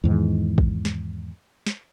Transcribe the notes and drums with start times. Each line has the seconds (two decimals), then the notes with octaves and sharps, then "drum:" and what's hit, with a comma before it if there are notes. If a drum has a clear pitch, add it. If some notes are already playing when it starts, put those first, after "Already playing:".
0.04 E2 G#2 D#3
0.58 drum: kick
0.85 drum: snare
1.67 drum: snare